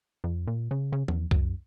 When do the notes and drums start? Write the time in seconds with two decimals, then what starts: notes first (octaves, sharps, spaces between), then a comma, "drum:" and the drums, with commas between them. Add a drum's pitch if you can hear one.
0.24 F2
0.47 A#2
0.71 C#3
0.93 C#3
1.08 E2, drum: tom F3
1.31 F#2, drum: kick C2